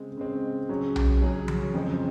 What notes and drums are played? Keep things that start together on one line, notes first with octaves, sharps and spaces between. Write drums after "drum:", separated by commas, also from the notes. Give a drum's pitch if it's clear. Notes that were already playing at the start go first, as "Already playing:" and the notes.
Already playing: C#3 G#3 C4
C#3 G#3 C4
C#3 F#3 C#4 G#4
drum: tom B1
C#3 F#3 C#4 G#4
drum: tom E3
F2 C#3 G#3 C4